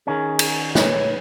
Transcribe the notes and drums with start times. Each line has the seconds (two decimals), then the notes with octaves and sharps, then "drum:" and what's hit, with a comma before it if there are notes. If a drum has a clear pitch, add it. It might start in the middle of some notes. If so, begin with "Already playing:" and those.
0.07 D#3 C#4 G#4
0.39 drum: cymbal
0.75 B4 C#5, drum: snare